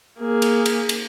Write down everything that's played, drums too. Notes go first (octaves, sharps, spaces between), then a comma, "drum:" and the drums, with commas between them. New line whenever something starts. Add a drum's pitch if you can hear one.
A#3 G#4
drum: cymbal
drum: cymbal
drum: cymbal